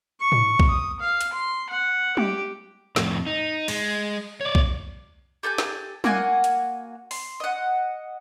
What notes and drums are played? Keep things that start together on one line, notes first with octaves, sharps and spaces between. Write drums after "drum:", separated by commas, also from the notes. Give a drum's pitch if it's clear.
C#6
drum: tom G#2
drum: kick B1
D#6
F5
drum: hi-hat
C6
F#5
G4, drum: tom
F2 A2, drum: snare
D#4
G#3, drum: cymbal
C#5 D5
drum: kick B1
G4 A4 G#5 G6
drum: snare
A#3 F#4 F#5 G#5, drum: tom
drum: hi-hat
C6, drum: open hi-hat
D#5 F#5